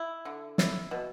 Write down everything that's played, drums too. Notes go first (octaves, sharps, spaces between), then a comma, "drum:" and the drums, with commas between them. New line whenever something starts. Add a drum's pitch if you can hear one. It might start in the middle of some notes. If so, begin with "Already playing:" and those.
Already playing: E4
D3
E4, drum: snare
B2